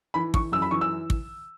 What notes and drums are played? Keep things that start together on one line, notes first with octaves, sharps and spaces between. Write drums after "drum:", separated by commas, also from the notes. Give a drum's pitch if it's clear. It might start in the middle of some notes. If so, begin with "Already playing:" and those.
E3 B5
E3 C#6, drum: kick
F#2 E6
B5
E3 C#6
E6
drum: kick